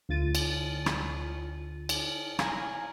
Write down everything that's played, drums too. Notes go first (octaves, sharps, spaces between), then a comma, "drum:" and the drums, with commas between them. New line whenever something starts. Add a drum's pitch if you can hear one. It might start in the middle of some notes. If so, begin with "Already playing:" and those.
D2 F4 A6 D#7
drum: cymbal
drum: rim click
drum: cymbal
F5 G#5 A#5, drum: rim click